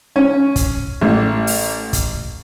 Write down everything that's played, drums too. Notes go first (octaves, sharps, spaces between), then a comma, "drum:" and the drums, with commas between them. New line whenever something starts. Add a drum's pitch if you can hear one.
C#4
drum: kick, hi-hat
A1
drum: open hi-hat
drum: kick, hi-hat